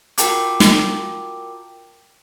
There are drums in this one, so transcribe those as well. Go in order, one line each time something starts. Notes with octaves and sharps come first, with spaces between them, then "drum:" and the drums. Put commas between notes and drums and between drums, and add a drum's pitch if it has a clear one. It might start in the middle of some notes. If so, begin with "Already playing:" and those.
F4 F#4 A#4 G5 A5 D6, drum: hi-hat
drum: snare